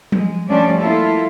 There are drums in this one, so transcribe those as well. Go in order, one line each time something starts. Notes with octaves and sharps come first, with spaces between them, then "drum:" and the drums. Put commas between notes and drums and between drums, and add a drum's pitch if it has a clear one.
G#3, drum: tom F3
F3 G3 A3 C#4 D4 D5
A#3 E4 F4 A4